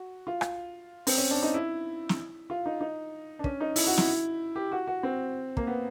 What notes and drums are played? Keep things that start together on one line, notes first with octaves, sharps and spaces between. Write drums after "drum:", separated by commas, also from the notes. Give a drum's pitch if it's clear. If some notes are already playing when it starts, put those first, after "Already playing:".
Already playing: F#4
F4
drum: rim click
C4, drum: open hi-hat
C#4
D4
D#4
E4
drum: snare
F4
D#4
D#4
D4
C#4, drum: kick
D#4
E4, drum: open hi-hat
F#4
E4, drum: snare
G4
F#4
F#4
C4
A#3, drum: kick
B3